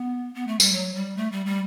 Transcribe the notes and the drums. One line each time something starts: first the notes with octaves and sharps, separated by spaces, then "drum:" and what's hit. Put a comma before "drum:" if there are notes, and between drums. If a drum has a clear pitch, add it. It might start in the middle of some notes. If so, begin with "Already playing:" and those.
Already playing: B3
B3
A3
G3, drum: tambourine
F#3
G3
A3
G3
G3